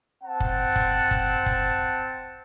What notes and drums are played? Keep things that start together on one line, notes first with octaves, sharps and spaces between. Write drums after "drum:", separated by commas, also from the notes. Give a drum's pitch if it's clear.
C4 F#5 A5
drum: kick
drum: kick
drum: kick
drum: kick